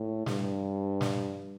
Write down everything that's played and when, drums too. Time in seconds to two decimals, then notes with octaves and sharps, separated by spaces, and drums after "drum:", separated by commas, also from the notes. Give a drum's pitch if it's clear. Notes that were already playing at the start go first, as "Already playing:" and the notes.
Already playing: A2
0.26 G2, drum: snare
1.01 drum: snare